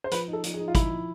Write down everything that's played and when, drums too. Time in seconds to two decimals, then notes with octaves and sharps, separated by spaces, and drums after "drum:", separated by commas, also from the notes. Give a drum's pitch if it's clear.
0.04 C5
0.11 F3 B4, drum: hi-hat
0.28 D#4
0.33 A4
0.44 F3, drum: hi-hat
0.54 G#4
0.59 D#4
0.68 F4
0.75 F3 E4, drum: kick, hi-hat
0.91 F3